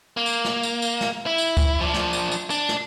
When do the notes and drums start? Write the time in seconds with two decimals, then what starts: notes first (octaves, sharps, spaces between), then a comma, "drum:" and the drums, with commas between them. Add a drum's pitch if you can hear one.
0.17 A#3
0.26 drum: tambourine
0.45 drum: snare
0.63 drum: tambourine
0.82 drum: tambourine
1.01 drum: snare
1.26 E4
1.38 drum: tambourine
1.57 drum: kick C#2, tambourine
1.80 F3 D4
1.94 drum: snare
2.13 drum: tambourine
2.32 drum: tambourine
2.50 D4, drum: tambourine
2.69 drum: snare